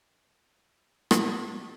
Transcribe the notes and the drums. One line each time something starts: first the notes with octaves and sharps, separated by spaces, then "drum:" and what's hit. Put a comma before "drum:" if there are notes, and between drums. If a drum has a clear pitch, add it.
G4 A4 C#5 F5 F#5
drum: rim click